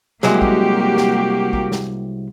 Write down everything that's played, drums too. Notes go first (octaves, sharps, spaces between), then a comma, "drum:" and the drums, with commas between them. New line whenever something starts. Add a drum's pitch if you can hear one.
C2 F#3 G#3 A#3 F#4 G4, drum: snare
drum: kick
drum: snare
drum: kick
drum: snare